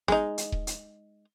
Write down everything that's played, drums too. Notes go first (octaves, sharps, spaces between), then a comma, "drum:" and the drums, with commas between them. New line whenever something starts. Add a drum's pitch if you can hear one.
G#3 D#4, drum: snare
drum: hi-hat
drum: kick D#1
drum: hi-hat